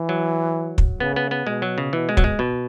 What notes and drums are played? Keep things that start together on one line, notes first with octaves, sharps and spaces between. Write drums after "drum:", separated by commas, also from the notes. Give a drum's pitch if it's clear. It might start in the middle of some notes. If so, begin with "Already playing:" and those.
Already playing: E3
F#3
drum: kick
C#3 B3
B3
B3
B2 G#3
F#3
C#3
B2 E3
G#3
F#3, drum: kick
G#3
B2